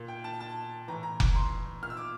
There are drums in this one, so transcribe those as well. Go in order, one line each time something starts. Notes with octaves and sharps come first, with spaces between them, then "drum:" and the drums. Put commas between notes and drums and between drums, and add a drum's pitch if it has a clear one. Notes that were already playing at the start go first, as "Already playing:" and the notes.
Already playing: A#2
G5
A5
A5
A2 E3 A#5
A#5
A#5, drum: kick F1
C6
A#2 F6
E6
D6